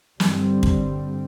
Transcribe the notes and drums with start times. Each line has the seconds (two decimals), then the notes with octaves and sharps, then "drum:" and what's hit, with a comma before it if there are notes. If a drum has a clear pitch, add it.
0.20 G2 D3 G3 C4, drum: snare
0.63 drum: kick